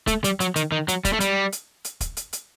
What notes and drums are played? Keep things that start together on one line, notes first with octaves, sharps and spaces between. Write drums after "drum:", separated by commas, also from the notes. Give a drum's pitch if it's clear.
A3, drum: kick, hi-hat
G3, drum: hi-hat
F#3, drum: hi-hat
D#3, drum: hi-hat
D#3
F#3, drum: hi-hat
G3, drum: kick, hi-hat
A3
G3, drum: hi-hat
drum: hi-hat
drum: hi-hat
drum: kick, hi-hat
drum: hi-hat
drum: hi-hat